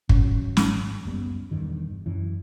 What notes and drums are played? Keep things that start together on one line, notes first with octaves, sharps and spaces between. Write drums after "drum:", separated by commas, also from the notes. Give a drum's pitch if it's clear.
G#1 F#3 C#4, drum: kick
drum: snare
F#1 C#2 G3 B3
E1 E2 G2 D#3
F#2 E3